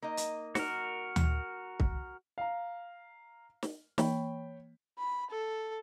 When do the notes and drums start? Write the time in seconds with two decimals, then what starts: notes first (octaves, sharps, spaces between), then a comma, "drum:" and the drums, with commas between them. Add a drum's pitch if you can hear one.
0.02 A#3 D#4 D#5
0.17 drum: hi-hat
0.55 F#4 A#4, drum: snare
1.16 drum: tom D2
1.80 drum: kick
2.38 F5 A#5
3.63 drum: snare
3.98 E3 A#3 C#5 G5 B5, drum: snare
4.98 B5
5.30 A4